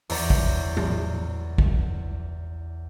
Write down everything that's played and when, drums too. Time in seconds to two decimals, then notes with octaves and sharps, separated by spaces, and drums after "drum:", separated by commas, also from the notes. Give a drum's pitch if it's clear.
0.09 E2 C#5 D5 A#5 A6 C#7, drum: open hi-hat
0.30 drum: kick
0.77 drum: tom A2
1.58 drum: kick